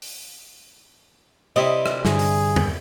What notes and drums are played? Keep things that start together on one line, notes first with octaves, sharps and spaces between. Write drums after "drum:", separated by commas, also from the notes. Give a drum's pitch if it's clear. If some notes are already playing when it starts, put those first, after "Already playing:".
drum: open hi-hat
C3 G3 E4 D#5
drum: rim click
G2 D3 G#4, drum: snare
drum: open hi-hat
drum: tom E2